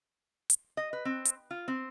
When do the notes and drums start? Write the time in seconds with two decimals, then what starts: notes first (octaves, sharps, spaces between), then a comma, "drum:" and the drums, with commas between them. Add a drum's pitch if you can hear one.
0.50 drum: hi-hat
0.77 D#5
0.93 B4
1.05 C4
1.25 drum: hi-hat
1.51 F4
1.68 C4